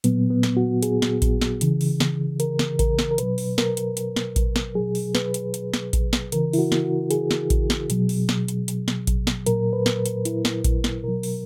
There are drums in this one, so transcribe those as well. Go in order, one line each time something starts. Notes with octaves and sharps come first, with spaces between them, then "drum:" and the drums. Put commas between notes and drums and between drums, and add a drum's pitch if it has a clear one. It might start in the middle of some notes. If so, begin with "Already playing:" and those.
A#2 F#3 B3, drum: hi-hat
B3
drum: snare
F#4
G#4, drum: hi-hat
drum: snare
drum: kick A1, hi-hat
drum: snare
C#3 E3, drum: hi-hat
drum: open hi-hat
drum: snare
A#4, drum: hi-hat
drum: snare
A#4, drum: kick A1, hi-hat
drum: snare
A#4
B2 F#3 B4, drum: hi-hat
drum: open hi-hat
A#4, drum: snare
drum: hi-hat
drum: hi-hat
drum: snare
drum: kick A1, hi-hat
drum: snare
B2 F#3 G#4
drum: open hi-hat
B4, drum: snare
drum: hi-hat
drum: hi-hat
drum: snare
drum: kick A1, hi-hat
drum: snare
C#3 E3 A#4, drum: hi-hat
E4, drum: open hi-hat
F#4
drum: snare
F#4
G#4, drum: hi-hat
drum: snare
drum: kick A1, hi-hat
drum: snare
B2 F#3, drum: hi-hat
drum: open hi-hat
drum: snare
drum: hi-hat
drum: hi-hat
drum: snare
drum: kick A1, hi-hat
drum: snare
A#2 F#3 A#4, drum: hi-hat
B4
drum: snare
drum: hi-hat
E4, drum: hi-hat
drum: snare
drum: kick A1, hi-hat
drum: snare
B2 F#3 A#4
drum: open hi-hat